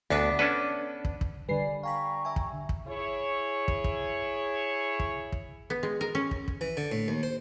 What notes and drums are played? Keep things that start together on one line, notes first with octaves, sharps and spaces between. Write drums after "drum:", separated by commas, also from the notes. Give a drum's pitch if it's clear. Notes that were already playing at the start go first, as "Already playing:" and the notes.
D2 B3 D4 B4
C#4 D4 A4 B4
drum: kick
drum: kick
D3 G3 B4 D5 G#5 B5 C7
F5 G5 G#5 A#5 B5 C#6
E5 G#5
drum: kick
drum: kick
E4 G#4 C#5
drum: kick
drum: kick
drum: kick
drum: kick
B3
G#3
A#4
C#4
drum: kick
drum: kick
E3
D3
A2
D#2
C5